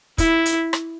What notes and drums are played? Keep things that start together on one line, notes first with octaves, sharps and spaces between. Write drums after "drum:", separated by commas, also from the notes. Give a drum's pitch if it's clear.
E4, drum: kick, hi-hat
drum: hi-hat
drum: rim click